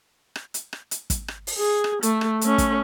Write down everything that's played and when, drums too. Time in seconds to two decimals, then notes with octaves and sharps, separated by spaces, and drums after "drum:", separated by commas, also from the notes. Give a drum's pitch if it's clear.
0.36 drum: rim click
0.54 drum: hi-hat
0.73 drum: rim click
0.91 drum: hi-hat
1.10 drum: kick, hi-hat
1.28 drum: rim click
1.47 drum: open hi-hat
1.58 G#4
1.84 drum: rim click
2.03 A3, drum: hi-hat
2.21 drum: rim click
2.41 A3 C#4, drum: hi-hat
2.58 drum: kick, hi-hat